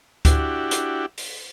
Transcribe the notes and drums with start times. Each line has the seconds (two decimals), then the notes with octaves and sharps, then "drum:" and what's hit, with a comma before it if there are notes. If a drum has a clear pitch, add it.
0.25 D4 E4 F#4 G4, drum: kick D2, hi-hat
0.71 drum: hi-hat
1.18 drum: open hi-hat